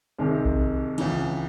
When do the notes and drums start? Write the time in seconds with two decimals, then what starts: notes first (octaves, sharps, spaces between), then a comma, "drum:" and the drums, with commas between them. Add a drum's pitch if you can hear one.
0.19 C2 C3 D#3 G#3
0.45 drum: kick A#1
0.98 C#2 C#3 E3, drum: cymbal